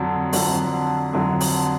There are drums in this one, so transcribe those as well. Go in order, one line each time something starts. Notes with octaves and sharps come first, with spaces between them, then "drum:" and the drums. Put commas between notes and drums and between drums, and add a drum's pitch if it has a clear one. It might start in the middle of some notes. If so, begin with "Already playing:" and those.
Already playing: F2 D3 F#3
F2 D3 F#3, drum: open hi-hat
F2 D3 F#3
drum: open hi-hat